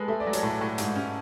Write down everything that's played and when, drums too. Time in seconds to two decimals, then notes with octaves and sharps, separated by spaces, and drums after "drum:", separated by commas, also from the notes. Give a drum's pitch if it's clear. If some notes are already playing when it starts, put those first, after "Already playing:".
Already playing: G#3 G#4 A4 B4
0.08 A3 E5
0.20 D5
0.26 F#3
0.33 C#5, drum: hi-hat
0.43 A2 D5
0.61 A2
0.78 G#2, drum: hi-hat
0.96 C#4